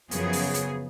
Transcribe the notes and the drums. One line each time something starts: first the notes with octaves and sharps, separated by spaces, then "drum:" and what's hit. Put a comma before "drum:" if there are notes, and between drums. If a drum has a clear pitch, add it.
F#2 C#3 F3 B3 G#4, drum: hi-hat
drum: open hi-hat
drum: hi-hat